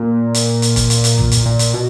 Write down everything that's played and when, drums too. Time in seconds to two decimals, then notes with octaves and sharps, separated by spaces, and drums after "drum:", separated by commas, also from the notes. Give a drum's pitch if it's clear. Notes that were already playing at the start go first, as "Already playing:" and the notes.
Already playing: A#2
0.34 drum: hi-hat
0.62 drum: hi-hat
0.76 drum: kick, hi-hat
0.90 drum: hi-hat
1.04 drum: hi-hat
1.18 drum: tom
1.32 drum: hi-hat
1.45 A#2
1.59 drum: hi-hat
1.74 B2